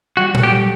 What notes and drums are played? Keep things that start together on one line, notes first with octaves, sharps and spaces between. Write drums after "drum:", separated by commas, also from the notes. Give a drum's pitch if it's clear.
G3 F#4
A4, drum: tom
G4
G3